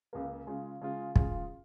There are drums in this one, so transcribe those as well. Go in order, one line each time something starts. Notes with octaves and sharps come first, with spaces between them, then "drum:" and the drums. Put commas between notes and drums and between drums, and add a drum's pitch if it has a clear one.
C#2 C#3 A#3
C#3 G#3 F4
C#3 G#3 F4
C#3 G#3 F4, drum: kick